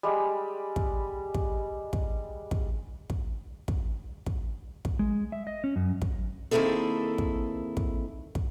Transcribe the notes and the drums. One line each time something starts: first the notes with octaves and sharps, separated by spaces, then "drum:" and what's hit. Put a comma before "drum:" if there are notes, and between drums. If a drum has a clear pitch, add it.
G3 G#3 G4
drum: kick
drum: kick
drum: kick
drum: kick
drum: kick
drum: kick
drum: kick
drum: kick
G#3
E5
D#5
C#4
F#2
drum: kick
D#3 A#3 C4 E4 G#4 A4
drum: kick
drum: kick
drum: kick